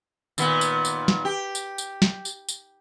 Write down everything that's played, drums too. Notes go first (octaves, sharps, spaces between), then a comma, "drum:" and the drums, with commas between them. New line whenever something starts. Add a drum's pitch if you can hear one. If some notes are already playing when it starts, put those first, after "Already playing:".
D#2 A#2 B3, drum: tambourine
drum: tambourine
drum: tambourine
drum: snare
G4
drum: tambourine
drum: tambourine
drum: snare
drum: tambourine
drum: tambourine